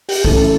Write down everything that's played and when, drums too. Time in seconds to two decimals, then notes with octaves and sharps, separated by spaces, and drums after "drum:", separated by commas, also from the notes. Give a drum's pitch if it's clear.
0.09 G4, drum: open hi-hat
0.25 C#3 E3 A3 A4, drum: kick